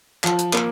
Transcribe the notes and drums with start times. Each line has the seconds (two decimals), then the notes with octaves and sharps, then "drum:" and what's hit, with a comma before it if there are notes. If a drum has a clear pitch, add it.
0.24 F3, drum: clap
0.39 drum: hi-hat
0.53 A#3, drum: clap